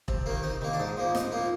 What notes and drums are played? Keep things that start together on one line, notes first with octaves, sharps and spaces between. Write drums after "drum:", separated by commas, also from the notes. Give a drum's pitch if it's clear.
C3, drum: kick E1
D#3 A#3
C3 D#4
D#3 A#3
D4
G#2 D#4
F3 A#3
G#2 D#4, drum: snare
A#3
F3